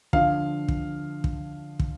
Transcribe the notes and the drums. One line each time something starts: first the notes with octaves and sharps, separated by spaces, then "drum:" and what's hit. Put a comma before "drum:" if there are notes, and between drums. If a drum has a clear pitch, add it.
D3 F3 F5, drum: kick
drum: kick
drum: kick
drum: kick